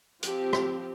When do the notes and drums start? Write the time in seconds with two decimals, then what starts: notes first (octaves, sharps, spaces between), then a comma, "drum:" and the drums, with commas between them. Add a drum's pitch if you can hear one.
0.23 F3 C4 G4, drum: hi-hat
0.53 drum: rim click